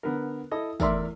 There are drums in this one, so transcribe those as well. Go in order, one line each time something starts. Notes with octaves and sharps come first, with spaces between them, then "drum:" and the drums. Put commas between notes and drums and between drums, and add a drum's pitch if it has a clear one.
D3 B3 A#4
E4 A4 D#5
E2 A3 A#4 D5 E5 C6, drum: kick, tambourine